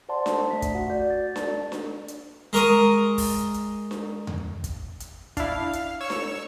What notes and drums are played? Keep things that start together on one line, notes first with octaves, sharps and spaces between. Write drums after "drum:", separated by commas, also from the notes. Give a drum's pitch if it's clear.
C5 D5 F#5 A5 C6
drum: snare D4
A3 B6
drum: kick, hi-hat
F#4 F#5
F#4 D5 G6
A6
A5, drum: snare D4
drum: snare D4
drum: hi-hat
G#3 A#4 C#6 D#6
drum: kick, open hi-hat
drum: hi-hat
drum: snare D4
drum: tom E2
drum: kick, hi-hat
drum: hi-hat
D4 E4 F5, drum: kick, hi-hat
drum: hi-hat
C#5 C#6 E6
drum: snare D4